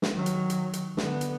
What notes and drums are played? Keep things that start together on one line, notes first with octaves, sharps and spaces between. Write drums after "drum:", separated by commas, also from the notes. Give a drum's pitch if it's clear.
drum: snare
D#3 F#3
drum: hi-hat
drum: hi-hat
drum: hi-hat
D3 B3, drum: snare
drum: hi-hat